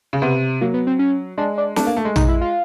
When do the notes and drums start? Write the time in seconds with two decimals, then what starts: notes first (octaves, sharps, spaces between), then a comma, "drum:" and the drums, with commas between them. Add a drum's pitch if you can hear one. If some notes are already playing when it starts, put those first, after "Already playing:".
0.13 C#3
0.22 C3 B3
0.61 F#3 A#3
0.74 B3
0.87 C4
0.99 C#4
1.38 G#3 D4
1.58 D4
1.76 A3 D4, drum: snare
1.87 A#3
1.97 A3
2.05 G#3
2.16 D#4, drum: tom A#1
2.28 E4
2.41 F4